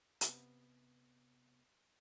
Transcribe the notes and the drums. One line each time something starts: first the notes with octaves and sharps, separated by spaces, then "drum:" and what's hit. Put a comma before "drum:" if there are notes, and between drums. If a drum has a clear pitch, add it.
C3 B3, drum: hi-hat